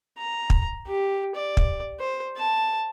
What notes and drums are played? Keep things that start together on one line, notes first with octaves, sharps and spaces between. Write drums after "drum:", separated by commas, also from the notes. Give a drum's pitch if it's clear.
A#5
drum: kick
G4
D5
drum: kick
C5
A5